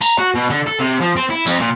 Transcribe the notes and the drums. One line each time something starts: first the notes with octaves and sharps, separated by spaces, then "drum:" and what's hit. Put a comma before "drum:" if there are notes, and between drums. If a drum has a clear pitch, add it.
A#5, drum: tambourine
F#4
B2
D3
A4
C3
F3
C4
E4
F2, drum: tambourine
A#2